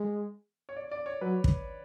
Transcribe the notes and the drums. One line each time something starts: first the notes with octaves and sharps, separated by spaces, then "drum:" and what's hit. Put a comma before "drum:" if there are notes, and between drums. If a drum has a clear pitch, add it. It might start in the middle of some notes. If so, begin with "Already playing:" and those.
Already playing: G#3
C#5
D5
D5
C#5
F#3 B4
drum: kick